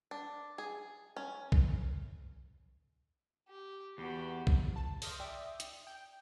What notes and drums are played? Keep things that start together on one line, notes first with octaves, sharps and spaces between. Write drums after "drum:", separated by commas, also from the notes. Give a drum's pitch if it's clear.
D4
G#4
C#4
drum: kick B1
G4
E2 B3 F#4 G4
drum: kick B1
A5
C6 D6 D#6 F6 G6 A#6, drum: open hi-hat
D5 E5 G5 D#6
drum: hi-hat
G5